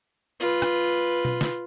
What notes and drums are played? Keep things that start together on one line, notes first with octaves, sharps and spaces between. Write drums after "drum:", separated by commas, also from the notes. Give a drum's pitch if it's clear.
F4 B4
drum: rim click
drum: tom B2
drum: snare